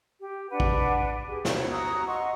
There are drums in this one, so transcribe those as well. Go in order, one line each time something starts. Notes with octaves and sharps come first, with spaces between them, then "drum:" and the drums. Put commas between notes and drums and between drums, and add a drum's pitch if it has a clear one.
G4
D4 B4 F#5
drum: kick A1
G4 G#4
F#4 C#5, drum: snare
F#4 A#5 D#6 E6
D#5 F#5 C6 C#6